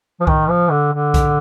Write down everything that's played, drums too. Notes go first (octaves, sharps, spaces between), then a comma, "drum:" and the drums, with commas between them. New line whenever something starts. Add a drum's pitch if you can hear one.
F3
D#3, drum: kick B1
F3
D3
D3
drum: kick B1, hi-hat